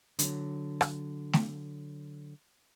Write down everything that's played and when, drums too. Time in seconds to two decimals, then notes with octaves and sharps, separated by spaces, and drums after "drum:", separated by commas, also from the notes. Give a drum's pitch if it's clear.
0.19 D3 F#3, drum: hi-hat
0.81 drum: rim click
1.33 drum: snare A3